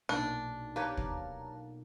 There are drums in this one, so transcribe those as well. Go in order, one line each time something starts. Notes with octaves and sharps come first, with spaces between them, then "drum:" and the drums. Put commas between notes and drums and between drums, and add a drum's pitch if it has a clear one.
B1 A#2 D4
G4 B4 C#5 F5 A5 A#5
drum: kick